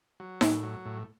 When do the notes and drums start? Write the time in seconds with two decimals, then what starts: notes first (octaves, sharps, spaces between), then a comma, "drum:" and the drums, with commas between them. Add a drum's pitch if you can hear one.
0.20 F#3
0.41 A2, drum: snare D#4
0.63 F#3
0.85 A2